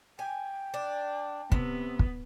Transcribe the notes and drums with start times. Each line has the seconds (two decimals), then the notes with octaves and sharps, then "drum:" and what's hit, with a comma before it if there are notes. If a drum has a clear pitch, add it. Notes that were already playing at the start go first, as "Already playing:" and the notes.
0.19 G5 G#5
0.74 D4
1.52 C3 B3, drum: kick
1.99 drum: kick